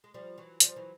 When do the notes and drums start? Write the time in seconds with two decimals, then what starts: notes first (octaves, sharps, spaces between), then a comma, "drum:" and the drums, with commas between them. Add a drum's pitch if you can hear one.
0.04 G#3
0.14 F3 G3
0.38 E3 F#3
0.60 F3 G3, drum: hi-hat
0.76 E3 F#3